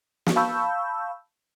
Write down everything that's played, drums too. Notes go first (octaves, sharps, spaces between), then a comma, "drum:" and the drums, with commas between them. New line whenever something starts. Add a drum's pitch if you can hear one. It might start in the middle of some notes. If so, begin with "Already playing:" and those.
drum: snare
F5 A5 B5 C#6 E6 G6